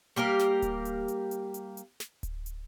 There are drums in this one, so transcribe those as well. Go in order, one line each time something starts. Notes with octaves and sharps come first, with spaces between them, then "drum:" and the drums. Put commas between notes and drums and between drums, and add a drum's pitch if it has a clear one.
G3 A#3 G4 A#4, drum: hi-hat
drum: snare
drum: kick D1, hi-hat
drum: hi-hat
drum: hi-hat
drum: hi-hat
drum: hi-hat
drum: hi-hat
drum: snare
drum: kick D1, hi-hat
drum: hi-hat